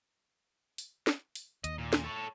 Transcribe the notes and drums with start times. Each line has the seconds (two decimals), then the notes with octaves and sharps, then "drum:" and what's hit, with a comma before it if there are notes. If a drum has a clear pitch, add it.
0.78 drum: open hi-hat
1.07 drum: snare
1.36 drum: open hi-hat
1.64 D#2 D#5, drum: hi-hat
1.78 A#2
1.93 drum: snare
2.04 A4 C#5